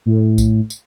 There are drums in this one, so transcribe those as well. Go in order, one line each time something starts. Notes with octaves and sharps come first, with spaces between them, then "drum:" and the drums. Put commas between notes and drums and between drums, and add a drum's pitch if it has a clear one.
A2
drum: kick A#1, tambourine
drum: tambourine